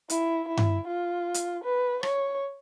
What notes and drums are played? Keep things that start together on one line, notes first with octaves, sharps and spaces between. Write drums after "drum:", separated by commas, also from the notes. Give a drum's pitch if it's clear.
E4, drum: hi-hat
E4
drum: tom G2
F4
drum: hi-hat
B4
C#5, drum: rim click